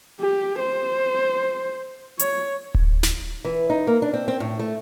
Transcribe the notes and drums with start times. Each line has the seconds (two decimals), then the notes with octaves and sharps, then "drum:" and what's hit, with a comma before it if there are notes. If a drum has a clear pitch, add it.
0.20 G4
0.59 C5
2.19 C#5, drum: hi-hat
2.74 drum: kick D1
3.03 drum: snare
3.45 E3
3.70 D#4
3.87 A#3
4.02 D4
4.14 C4
4.28 C4
4.40 A2
4.59 A3